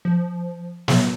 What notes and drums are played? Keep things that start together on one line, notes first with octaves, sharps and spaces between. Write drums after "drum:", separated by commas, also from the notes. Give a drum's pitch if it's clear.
F3
F#3, drum: snare